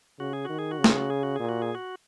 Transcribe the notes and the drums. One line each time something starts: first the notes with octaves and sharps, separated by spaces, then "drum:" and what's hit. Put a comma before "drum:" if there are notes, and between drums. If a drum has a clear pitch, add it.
C#3 F#4
G#4
D#3 F#4
G#4
F#4
C#3
G#4, drum: snare
F#4
G#4
F#4
A#2 G#4
F#4
G#4
F#4